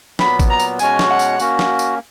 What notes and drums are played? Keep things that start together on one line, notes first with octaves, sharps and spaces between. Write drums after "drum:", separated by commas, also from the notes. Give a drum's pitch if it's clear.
A#2 F#3 B3 B5, drum: snare
drum: kick A1, tambourine
A#5
drum: tambourine
B2 G#3 C#4 F#4 C#5 G#5, drum: tambourine
drum: snare
F#5
drum: tambourine
A#3 C#4 F#4, drum: tambourine
drum: snare
drum: tambourine